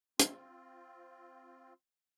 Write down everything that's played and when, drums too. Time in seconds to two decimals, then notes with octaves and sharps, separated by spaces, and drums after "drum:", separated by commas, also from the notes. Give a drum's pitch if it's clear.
0.20 C4 F4, drum: hi-hat